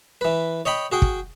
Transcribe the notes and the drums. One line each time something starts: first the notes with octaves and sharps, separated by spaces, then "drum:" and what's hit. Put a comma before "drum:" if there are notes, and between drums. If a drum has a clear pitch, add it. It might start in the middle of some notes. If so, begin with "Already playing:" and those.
E3 B4
C#5 D#5 G5 B5
F#4 G#4 G5
drum: kick